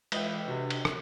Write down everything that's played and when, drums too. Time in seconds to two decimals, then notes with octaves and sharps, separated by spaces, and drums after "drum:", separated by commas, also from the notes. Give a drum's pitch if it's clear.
0.12 E3 G#3 F4 B4 D#5 E5 G5, drum: cymbal
0.48 C3 D4 F#4
0.70 drum: cymbal
0.85 drum: rim click